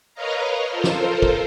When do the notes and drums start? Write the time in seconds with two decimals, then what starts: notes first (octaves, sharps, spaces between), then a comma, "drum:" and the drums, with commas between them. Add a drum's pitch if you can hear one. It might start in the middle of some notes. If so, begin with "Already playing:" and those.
0.14 A#4 B4 C#5 D#5 F5 A#5
0.69 F4 A4 A#4 C5
0.84 drum: snare
1.22 drum: kick